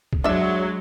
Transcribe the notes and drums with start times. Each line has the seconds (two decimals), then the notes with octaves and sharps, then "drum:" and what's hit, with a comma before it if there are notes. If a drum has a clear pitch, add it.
0.13 drum: kick
0.24 F#3 G#3 D4 E5